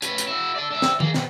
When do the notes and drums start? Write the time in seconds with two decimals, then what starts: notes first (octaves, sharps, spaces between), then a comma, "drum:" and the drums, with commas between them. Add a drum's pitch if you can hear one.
0.02 C#4 B4, drum: hi-hat
0.18 drum: hi-hat
0.27 E4 F#4
0.55 A4 D5
0.71 D4 E5
0.82 drum: snare
1.00 A#3 G#4, drum: tom D#3
1.14 B2, drum: snare